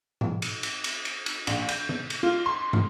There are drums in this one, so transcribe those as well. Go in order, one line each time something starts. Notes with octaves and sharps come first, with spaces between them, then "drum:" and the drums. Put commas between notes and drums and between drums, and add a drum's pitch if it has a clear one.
drum: tom A2
drum: cymbal
drum: cymbal
drum: cymbal
drum: cymbal
drum: cymbal
A#1, drum: cymbal
G6, drum: cymbal
drum: tom D3
drum: cymbal
F4
C6
drum: tom